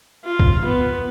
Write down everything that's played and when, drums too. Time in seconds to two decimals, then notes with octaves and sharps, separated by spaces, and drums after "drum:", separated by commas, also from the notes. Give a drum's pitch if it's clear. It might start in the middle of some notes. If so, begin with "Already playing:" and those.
0.24 F4
0.40 drum: kick
0.65 B3